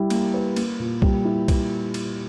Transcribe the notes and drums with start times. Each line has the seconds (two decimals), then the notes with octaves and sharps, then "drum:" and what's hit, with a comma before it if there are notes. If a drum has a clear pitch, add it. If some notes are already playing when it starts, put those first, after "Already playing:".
Already playing: G3 E4
0.10 A#3, drum: cymbal
0.34 B4
0.56 A#3, drum: cymbal
0.80 A#2
1.02 G3, drum: kick
1.25 E4
1.48 drum: kick, cymbal
1.94 drum: cymbal